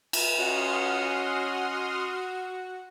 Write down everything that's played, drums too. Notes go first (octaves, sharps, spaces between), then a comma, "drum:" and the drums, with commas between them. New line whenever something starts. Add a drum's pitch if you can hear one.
drum: cymbal
C#4 F#4 D#5 F#5 G#5 C6 D#6 F6